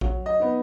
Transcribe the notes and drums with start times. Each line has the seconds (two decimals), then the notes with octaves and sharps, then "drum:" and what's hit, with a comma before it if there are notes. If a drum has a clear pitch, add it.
0.01 F#3, drum: kick A#1
0.26 D#5
0.40 B3 D#4